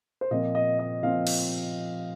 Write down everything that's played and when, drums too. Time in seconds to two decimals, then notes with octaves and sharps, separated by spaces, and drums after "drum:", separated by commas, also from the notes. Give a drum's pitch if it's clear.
0.21 C5
0.31 A#2 F3 C4 D#5
0.55 D#5
0.79 D#5
1.03 A#2 F3 C4 F5
1.27 drum: cymbal